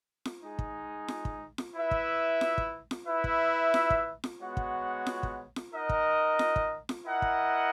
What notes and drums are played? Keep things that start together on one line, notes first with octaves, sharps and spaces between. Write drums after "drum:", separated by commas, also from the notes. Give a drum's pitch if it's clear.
drum: snare F4
G#3 D#4 G#4
drum: kick
drum: snare F4
drum: kick
drum: snare F4
E4 B4 E5
drum: kick
drum: snare F4
drum: kick
drum: snare F4
E4 B4 E5
drum: kick
drum: snare F4
drum: kick
drum: snare F4
G#3 B3 F#4 C#5 F#5
drum: kick
drum: snare F4
drum: kick
drum: snare F4
D#4 A#4 D#5 F#5
drum: kick
drum: snare F4
drum: kick
drum: snare F4
E4 A#4 D#5 F#5
drum: kick